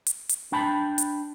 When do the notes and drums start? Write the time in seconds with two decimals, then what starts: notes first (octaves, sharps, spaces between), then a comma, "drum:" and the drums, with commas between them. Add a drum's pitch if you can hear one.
0.07 drum: hi-hat
0.29 drum: hi-hat
0.52 D4 G5 A5 B5
0.98 drum: hi-hat